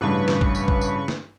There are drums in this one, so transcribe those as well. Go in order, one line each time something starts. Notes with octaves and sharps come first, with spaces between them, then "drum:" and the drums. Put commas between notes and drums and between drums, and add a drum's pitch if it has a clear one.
A1 G2 C#3 B4 C#6
drum: snare
drum: kick
drum: tambourine
drum: kick
drum: tambourine
drum: snare